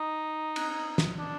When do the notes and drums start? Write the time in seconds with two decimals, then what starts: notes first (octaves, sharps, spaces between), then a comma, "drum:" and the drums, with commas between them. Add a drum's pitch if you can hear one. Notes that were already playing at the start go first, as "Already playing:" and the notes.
Already playing: D#4
0.56 drum: cymbal
0.98 drum: snare
1.19 D4